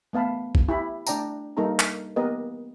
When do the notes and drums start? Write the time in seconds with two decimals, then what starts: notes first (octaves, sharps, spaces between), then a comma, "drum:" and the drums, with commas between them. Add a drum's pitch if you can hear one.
0.13 A3 B3 F5 A5 B5
0.55 drum: kick A1
0.68 E4 G4 B5
1.07 A3 D4 D5 G5 A5 A#5, drum: tambourine
1.57 G3 A#3 D#4 A4 A#4 A#5
1.79 drum: clap
2.16 A#3 B3 G4 A#4 B4 D#5